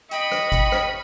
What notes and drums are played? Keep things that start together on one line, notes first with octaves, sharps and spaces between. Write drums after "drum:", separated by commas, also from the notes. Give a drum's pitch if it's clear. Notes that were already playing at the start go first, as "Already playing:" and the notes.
D#5 G5 B5 C#6, drum: hi-hat
drum: rim click
drum: kick G#1, hi-hat
drum: rim click